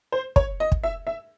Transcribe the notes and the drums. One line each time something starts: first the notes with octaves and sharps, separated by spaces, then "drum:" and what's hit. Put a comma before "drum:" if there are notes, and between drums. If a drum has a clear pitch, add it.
C5
C#5, drum: kick
D#5
drum: kick
E5
E5